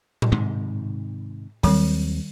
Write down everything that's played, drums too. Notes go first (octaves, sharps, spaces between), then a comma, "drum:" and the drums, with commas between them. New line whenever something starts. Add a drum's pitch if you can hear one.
drum: tom A2
G#2 C3 D#3
D#2 D#3 F#3 G3 C4, drum: open hi-hat